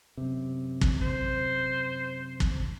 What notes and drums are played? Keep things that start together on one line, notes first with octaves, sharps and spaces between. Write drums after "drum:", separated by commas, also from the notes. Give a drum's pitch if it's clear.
F#2 C3
drum: kick
C5
drum: kick